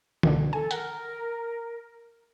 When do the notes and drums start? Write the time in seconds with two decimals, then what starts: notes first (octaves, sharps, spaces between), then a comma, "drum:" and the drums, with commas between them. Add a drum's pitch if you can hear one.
0.23 C#2 B2 D3, drum: tom D3
0.53 A4 G#5
0.71 A#4 F#5, drum: hi-hat